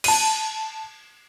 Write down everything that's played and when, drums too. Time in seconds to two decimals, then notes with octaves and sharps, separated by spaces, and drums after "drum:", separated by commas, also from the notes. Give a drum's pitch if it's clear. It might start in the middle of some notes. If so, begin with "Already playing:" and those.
0.04 A5 D#7, drum: cymbal